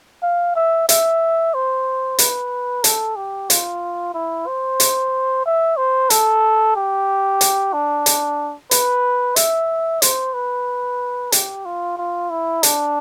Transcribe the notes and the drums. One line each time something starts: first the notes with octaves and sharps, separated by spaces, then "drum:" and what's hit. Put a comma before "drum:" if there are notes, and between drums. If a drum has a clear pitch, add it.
F5
E5
E5, drum: hi-hat
C5
B4, drum: hi-hat
A4, drum: hi-hat
G4
F4, drum: hi-hat
E4
C5
drum: hi-hat
E5
C5
A4, drum: hi-hat
G4
drum: hi-hat
D4
drum: hi-hat
B4, drum: hi-hat
E5, drum: hi-hat
C5, drum: hi-hat
B4
G4, drum: hi-hat
F4
F4
E4
D4, drum: hi-hat